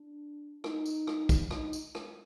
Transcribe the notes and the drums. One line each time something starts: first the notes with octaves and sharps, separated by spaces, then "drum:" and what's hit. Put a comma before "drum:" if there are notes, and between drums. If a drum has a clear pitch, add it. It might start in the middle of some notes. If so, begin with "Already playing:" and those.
Already playing: D4
D#4, drum: rim click
drum: tambourine
drum: rim click
drum: kick, tambourine
D#4, drum: rim click
drum: tambourine
drum: rim click